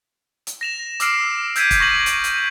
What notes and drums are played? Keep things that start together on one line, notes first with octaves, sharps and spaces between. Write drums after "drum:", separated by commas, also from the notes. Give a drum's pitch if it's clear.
drum: hi-hat
A#6 E7 F7
D6 E6 F6 C7 D7 E7, drum: hi-hat
E6
E6 G6 G#6 B6 D7 D#7, drum: hi-hat
drum: kick, hi-hat
C#6 A#6 D#7 F#7
drum: hi-hat
drum: hi-hat